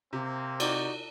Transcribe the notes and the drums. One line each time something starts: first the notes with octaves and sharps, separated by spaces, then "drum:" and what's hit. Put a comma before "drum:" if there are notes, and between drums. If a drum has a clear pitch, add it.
C3 A#3 C4
D#4 F#4 D5, drum: cymbal